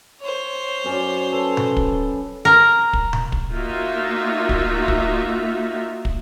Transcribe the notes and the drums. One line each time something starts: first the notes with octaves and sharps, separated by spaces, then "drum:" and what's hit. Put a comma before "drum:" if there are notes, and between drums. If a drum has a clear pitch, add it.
C5 C#5
F#2 C#4 D5
A4 B4
drum: tom B2
drum: kick
A#4
drum: kick
drum: tom B2
drum: kick
A#3 D#4 F4 F#4 E5
drum: kick
drum: kick
drum: kick